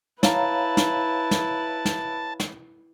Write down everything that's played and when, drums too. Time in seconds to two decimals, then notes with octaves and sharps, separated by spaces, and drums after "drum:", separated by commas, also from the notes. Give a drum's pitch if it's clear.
0.23 E4 B4 C#5 F5 A5 A#5, drum: snare
0.77 drum: snare
1.31 drum: snare
1.85 drum: snare
2.40 drum: snare